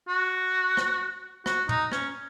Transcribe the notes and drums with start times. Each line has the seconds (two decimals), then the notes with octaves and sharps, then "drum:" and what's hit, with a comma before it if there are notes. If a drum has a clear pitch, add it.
0.08 F#4
0.77 drum: rim click
1.46 F#4, drum: rim click
1.69 D#4, drum: tom
1.92 C#4, drum: rim click